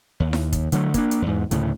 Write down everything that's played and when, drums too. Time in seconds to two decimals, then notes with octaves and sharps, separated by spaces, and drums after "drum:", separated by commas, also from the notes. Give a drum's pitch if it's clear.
0.20 D#2
0.33 drum: snare E4
0.53 drum: kick, hi-hat
0.72 D3 F#3 A3, drum: hi-hat
0.94 A#3 D4, drum: kick, hi-hat
1.11 drum: hi-hat
1.22 E2 G#2
1.51 D2 A2 C#3, drum: hi-hat